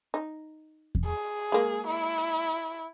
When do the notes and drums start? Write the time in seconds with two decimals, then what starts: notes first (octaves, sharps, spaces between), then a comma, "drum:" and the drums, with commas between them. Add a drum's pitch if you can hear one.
0.14 D#4
0.95 drum: kick E2
1.05 G#4
1.52 G#3 A#3
1.88 E4
2.18 drum: hi-hat